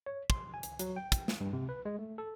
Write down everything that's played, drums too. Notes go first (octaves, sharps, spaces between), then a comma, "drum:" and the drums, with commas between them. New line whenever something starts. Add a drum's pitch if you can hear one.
C#5
C6, drum: kick
G#5
drum: hi-hat
F#3, drum: hi-hat
G5
drum: kick, hi-hat
drum: snare
G2
C3
B4
G#3
A3
A4